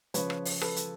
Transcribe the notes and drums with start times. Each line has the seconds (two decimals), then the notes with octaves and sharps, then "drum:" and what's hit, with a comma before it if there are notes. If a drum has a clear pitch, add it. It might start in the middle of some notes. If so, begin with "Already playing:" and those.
0.14 C#3 F3 B4 C#5, drum: hi-hat
0.30 drum: rim click
0.45 drum: open hi-hat
0.61 A4 B4, drum: rim click
0.76 drum: hi-hat